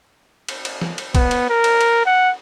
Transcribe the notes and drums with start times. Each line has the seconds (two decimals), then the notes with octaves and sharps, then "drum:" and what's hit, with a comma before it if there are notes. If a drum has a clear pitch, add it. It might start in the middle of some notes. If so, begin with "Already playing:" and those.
0.48 drum: cymbal
0.65 drum: cymbal
0.82 drum: snare
0.98 drum: cymbal
1.15 B3, drum: kick, cymbal
1.31 drum: cymbal
1.50 A#4
1.64 drum: cymbal
1.81 drum: cymbal
2.06 F#5